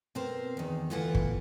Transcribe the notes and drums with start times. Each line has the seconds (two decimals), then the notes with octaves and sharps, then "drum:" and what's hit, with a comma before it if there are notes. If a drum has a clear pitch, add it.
0.15 B2 C4 A#4 C5
0.57 E2 D#3
0.90 D2 B2 E3 E4 F4 F#5
1.15 drum: kick G1